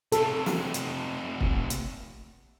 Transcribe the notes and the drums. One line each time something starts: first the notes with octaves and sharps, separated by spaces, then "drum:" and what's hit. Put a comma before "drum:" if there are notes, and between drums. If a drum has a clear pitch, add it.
C3 A3 A4, drum: hi-hat
drum: snare
drum: hi-hat
drum: kick
drum: hi-hat